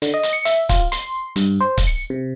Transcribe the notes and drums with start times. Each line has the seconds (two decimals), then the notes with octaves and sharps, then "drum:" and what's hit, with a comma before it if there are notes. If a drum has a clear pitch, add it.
0.02 D3, drum: hi-hat
0.14 D#5
0.23 drum: hi-hat
0.33 C#7
0.45 E5, drum: hi-hat
0.69 F4, drum: kick C#1, hi-hat
0.92 C6, drum: hi-hat
1.36 G2, drum: hi-hat
1.61 C5
1.78 drum: kick C#1, hi-hat
1.87 C#7
2.10 C3